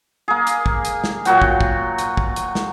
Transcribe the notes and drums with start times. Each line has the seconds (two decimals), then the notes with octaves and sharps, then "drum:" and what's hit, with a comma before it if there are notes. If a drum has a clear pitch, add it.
0.28 A#3 G#4
0.47 drum: hi-hat
0.66 drum: kick
0.85 drum: hi-hat
1.04 drum: snare
1.25 A#2 F#3 F#4 G5, drum: hi-hat
1.42 drum: kick
1.61 drum: kick
1.98 drum: hi-hat
2.17 drum: kick
2.36 drum: hi-hat
2.55 drum: snare